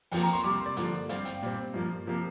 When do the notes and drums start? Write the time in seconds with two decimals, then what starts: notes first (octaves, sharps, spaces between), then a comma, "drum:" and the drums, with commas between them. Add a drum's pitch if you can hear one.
0.12 F2 F3 A#3 G5, drum: open hi-hat
0.23 A#5
0.33 C6
0.44 C3 G3 A#3 D6
0.56 C6
0.66 D5
0.76 G2 D3 F3 A#3, drum: hi-hat
1.09 G2 G3 C4 F5, drum: hi-hat
1.25 G5, drum: hi-hat
1.42 A#2 G3 C4
1.74 G2 F3 A#3
2.07 C3 F3 A#3